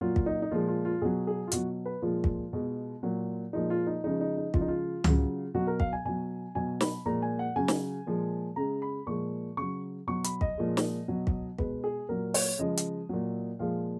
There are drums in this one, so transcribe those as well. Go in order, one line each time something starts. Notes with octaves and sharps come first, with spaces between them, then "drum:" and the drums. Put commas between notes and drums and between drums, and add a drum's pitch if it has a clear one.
A#2 F#3 F4
drum: kick
D#4
D#4
A#2 F3 G#3 F4
F4
F4
B2 F#3 G#4
G#4
F4
B2 F#3 F#4, drum: hi-hat
B4
A#2 F3 G#3 F4
drum: kick
B2 G#3
A#2 F#3
A#2 F3 G#3 D#4
F4
D#4
C#3 F3 G#3 D#4
D#4
D#4
C#3 F3 G#3 F4, drum: kick
D#4
F4
C#3 F#3, drum: tom C#2
B2 F#3 F#4
A#4
F5, drum: kick
G#5
B2 F#3 G#5
B2 F#3 G#5
B5, drum: snare
A#2 F3 G#3 A#5
G#5
F#5
C#3 F#3 G#5
drum: snare
A#2 F3 G#3
C#3 G#3 A#5
B5
A#2 F3 G#3 C#6
C#3 F#3 C#6
B2 F#3 C#6
B5, drum: hi-hat
D#5, drum: kick
A#2 F3 G#3
drum: snare
B2 F#3
drum: kick
B2 G#3 B4, drum: kick
G#4
A#2 F#3 A#4
C#5, drum: open hi-hat
C#3 F3 G#3 D#5
drum: hi-hat
A#2 F#3
A#2 F3 G#3 F5